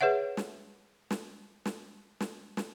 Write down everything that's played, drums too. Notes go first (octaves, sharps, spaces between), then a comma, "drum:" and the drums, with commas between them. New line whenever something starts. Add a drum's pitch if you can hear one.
G#4 B4 C#5 E5 F#5
drum: snare
drum: snare
drum: snare
drum: snare
drum: snare